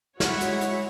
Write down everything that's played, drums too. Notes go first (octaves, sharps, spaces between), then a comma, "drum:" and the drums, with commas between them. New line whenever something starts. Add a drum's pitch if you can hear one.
G#3 E4 F#4 C#5 F#5, drum: snare
drum: hi-hat
drum: hi-hat